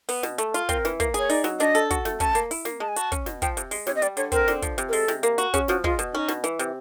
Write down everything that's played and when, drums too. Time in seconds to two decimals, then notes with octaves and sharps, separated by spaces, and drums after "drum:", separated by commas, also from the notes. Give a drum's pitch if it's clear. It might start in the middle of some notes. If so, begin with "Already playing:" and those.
0.09 B3, drum: open hi-hat
0.23 B2, drum: snare
0.38 A3, drum: hi-hat
0.54 F4, drum: hi-hat
0.69 C4 A#4, drum: kick, hi-hat
0.85 E3, drum: snare
1.00 A#3, drum: kick, hi-hat
1.14 G#4 C#5, drum: hi-hat
1.30 D#4 D5, drum: open hi-hat
1.44 F#3, drum: snare
1.60 D4 D#5, drum: hi-hat
1.75 A4, drum: hi-hat
1.90 F#4, drum: kick, hi-hat
2.05 A3, drum: snare
2.20 C#4 A5, drum: kick, hi-hat
2.35 A#3, drum: hi-hat
2.51 E4, drum: open hi-hat
2.65 A#3, drum: snare
2.80 G#3 A5
2.88 G#5
2.96 F#4 A5, drum: hi-hat
3.12 C#4, drum: kick, hi-hat
3.26 B2, drum: snare
3.42 F3 G5, drum: kick, hi-hat
3.57 C3, drum: hi-hat
3.71 G#3, drum: open hi-hat
3.86 C3 C#5, drum: snare
3.96 D#5
4.02 G3 D5, drum: hi-hat
4.17 D3 C#5, drum: hi-hat
4.32 C4 A#4, drum: kick, hi-hat
4.48 D3, drum: snare
4.62 F3, drum: kick, hi-hat
4.78 C3, drum: hi-hat
4.89 A#4
4.93 G#3 A4, drum: open hi-hat
5.08 C3, drum: snare
5.23 A#3, drum: hi-hat
5.38 F#4, drum: hi-hat
5.54 C#4 G#4, drum: kick, hi-hat
5.68 F3 F#4, drum: snare
5.84 G#3 F4, drum: kick
5.99 B2, drum: hi-hat
6.14 C#4 D#4
6.28 B2, drum: snare
6.44 E3, drum: hi-hat
6.59 C3, drum: hi-hat